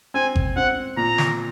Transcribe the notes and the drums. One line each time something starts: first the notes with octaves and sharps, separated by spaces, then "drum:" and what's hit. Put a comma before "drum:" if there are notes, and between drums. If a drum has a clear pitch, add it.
C4 G#5
drum: kick G#1
C4 F#5
A#2 A#5
drum: snare